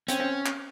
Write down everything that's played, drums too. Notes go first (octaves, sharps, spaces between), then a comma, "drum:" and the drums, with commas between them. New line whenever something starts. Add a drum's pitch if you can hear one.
C4 C#4, drum: hi-hat
C4
drum: clap